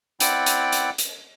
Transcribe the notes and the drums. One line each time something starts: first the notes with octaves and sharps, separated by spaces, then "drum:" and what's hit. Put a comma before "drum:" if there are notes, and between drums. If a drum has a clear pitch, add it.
C4 E4 D5 F#5 G5 F#6, drum: hi-hat
drum: hi-hat
drum: hi-hat
drum: hi-hat